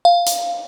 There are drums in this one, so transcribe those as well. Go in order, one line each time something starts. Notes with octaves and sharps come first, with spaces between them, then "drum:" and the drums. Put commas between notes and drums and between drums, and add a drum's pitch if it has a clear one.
F5
drum: hi-hat